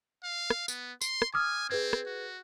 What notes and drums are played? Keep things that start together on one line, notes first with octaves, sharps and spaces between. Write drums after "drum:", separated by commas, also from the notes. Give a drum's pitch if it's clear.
F5
drum: rim click
B3, drum: tambourine
C6, drum: tambourine
drum: rim click
G#5 D6 D#6 F6
C4 G#4 B4 G#6
drum: rim click
F#4